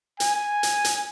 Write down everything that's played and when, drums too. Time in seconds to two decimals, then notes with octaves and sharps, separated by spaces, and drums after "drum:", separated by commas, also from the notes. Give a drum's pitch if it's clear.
0.20 G#5, drum: hi-hat
0.63 drum: hi-hat
0.85 drum: hi-hat